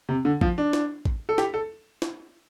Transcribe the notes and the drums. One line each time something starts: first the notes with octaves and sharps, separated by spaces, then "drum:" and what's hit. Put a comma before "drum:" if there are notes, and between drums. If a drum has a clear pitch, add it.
C3
D3
F3, drum: kick A1
D4
drum: snare
drum: kick A1
A4
G4, drum: snare
A4
drum: snare